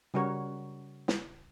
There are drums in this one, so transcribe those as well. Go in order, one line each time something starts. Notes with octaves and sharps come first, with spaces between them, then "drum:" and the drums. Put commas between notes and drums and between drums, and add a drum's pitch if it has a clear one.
C#3 G3 F#4 A#4 C#5
drum: snare